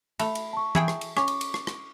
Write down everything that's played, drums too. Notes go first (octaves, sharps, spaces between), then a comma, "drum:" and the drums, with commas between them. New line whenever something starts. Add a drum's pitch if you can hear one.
A3 B5 F7, drum: cymbal
drum: cymbal
A5 C#6
E4 G#4 G5, drum: tom E3
drum: rim click
drum: cymbal
C#4 C#6 D6, drum: rim click
drum: cymbal
drum: cymbal
drum: rim click
drum: rim click